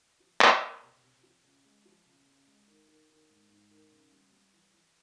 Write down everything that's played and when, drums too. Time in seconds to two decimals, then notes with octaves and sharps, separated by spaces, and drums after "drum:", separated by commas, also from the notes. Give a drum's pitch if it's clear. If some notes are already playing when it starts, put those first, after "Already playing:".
0.20 F3
0.41 F3, drum: clap
0.62 A#3
0.83 C3
1.03 C3
1.23 F3
1.44 C#3
1.65 G#3
1.85 F3
2.06 C#3
2.27 C#3
2.47 G#3
2.67 D#3
2.88 D#3
3.10 D#3
3.30 G#2
3.50 G#2
3.71 D#3
3.91 C#3
4.12 G3
4.32 G3
4.53 E3
4.74 E3